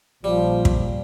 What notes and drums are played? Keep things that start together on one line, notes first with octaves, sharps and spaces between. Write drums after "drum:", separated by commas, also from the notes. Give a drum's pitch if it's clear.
A#1 F3 G3
drum: kick